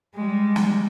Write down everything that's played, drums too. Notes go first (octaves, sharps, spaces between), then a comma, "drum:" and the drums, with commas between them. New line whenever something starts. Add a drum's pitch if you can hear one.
G3 G#3
drum: snare